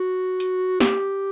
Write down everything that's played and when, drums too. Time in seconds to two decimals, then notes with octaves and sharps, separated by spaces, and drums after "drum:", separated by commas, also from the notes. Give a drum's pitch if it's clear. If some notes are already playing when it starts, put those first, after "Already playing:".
Already playing: F#4
0.40 drum: hi-hat
0.80 G4, drum: snare